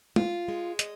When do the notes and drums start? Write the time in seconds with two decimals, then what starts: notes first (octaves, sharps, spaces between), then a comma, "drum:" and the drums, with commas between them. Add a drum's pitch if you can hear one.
0.16 F4, drum: tom
0.48 G#3
0.79 D#5, drum: hi-hat